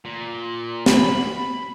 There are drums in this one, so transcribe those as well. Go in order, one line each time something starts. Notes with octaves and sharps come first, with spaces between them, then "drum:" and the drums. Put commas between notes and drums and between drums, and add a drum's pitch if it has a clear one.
A#2
B5, drum: snare